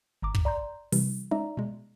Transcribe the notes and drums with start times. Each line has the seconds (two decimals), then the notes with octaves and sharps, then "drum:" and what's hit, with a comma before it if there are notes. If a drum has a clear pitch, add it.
0.22 G#1 A#5 D6
0.35 drum: kick
0.45 D5 A#5 C6 G6
0.92 C3 E3 G3, drum: open hi-hat
1.31 G#3 C#4 D#4 D5 E5 A#5
1.57 B2 G#3